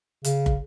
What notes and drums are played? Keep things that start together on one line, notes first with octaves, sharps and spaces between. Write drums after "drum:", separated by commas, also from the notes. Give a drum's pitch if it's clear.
C#3, drum: hi-hat
drum: kick